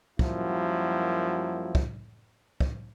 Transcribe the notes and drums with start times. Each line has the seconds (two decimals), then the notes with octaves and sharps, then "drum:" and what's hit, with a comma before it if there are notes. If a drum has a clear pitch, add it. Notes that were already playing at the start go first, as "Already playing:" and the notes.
0.19 F#2 F3 G3 A#3 E4 F#4, drum: kick
1.75 drum: kick
2.60 drum: kick